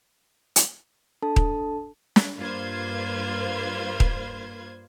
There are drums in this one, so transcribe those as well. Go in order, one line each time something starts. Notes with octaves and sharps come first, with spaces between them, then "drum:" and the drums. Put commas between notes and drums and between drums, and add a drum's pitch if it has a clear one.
drum: hi-hat
D4 A4 A5
drum: kick D#1
drum: snare
G2 A#3 F4 B4 C5 G#6
drum: kick D#1